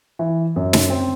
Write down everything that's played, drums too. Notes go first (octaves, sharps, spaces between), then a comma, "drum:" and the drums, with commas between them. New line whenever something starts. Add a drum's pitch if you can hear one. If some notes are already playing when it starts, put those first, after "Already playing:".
E3
F#2
drum: snare
C4